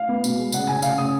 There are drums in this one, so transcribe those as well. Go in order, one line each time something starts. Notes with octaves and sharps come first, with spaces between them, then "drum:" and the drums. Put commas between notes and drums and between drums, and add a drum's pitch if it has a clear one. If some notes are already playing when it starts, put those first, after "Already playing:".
Already playing: F5
B3
B2, drum: tambourine
G#3
C#3 F#5, drum: tambourine
C#3 G#5
C#3 F5, drum: tambourine
C#3 D#6